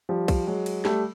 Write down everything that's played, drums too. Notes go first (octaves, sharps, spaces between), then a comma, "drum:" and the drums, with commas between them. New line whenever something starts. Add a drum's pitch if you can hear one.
F3 G3
drum: kick B1, cymbal
F#3 G#3
drum: cymbal
G3 A3, drum: snare